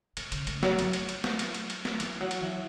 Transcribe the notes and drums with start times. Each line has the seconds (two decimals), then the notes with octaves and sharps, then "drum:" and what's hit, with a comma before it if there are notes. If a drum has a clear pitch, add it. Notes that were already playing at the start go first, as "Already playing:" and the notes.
0.17 B2, drum: cymbal
0.32 C#3, drum: cymbal
0.47 C#3, drum: cymbal
0.63 F#3, drum: snare
0.79 F#3, drum: cymbal
0.93 drum: cymbal
1.09 drum: cymbal
1.24 drum: snare
1.39 drum: cymbal
1.55 drum: cymbal
1.70 drum: cymbal
1.85 drum: snare
2.00 E3, drum: cymbal
2.21 F#3
2.31 drum: cymbal
2.41 E3